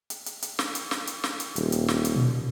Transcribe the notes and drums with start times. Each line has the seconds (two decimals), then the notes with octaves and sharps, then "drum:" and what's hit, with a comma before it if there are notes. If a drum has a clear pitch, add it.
0.10 drum: hi-hat
0.26 drum: hi-hat
0.42 drum: hi-hat
0.59 drum: snare
0.75 drum: hi-hat
0.91 drum: snare
1.07 drum: hi-hat
1.24 drum: snare
1.40 drum: hi-hat
1.56 D#1, drum: hi-hat
1.72 drum: hi-hat
1.88 drum: snare
2.05 drum: hi-hat
2.16 B2